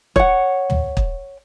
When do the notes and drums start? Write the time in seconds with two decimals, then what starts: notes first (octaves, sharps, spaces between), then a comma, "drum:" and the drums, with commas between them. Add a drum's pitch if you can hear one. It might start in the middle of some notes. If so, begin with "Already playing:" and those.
0.16 C#5 F#5, drum: kick
0.70 drum: tom
0.97 drum: kick